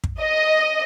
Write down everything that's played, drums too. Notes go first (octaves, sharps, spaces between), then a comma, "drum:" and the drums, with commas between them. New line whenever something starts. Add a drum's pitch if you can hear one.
drum: kick
D#5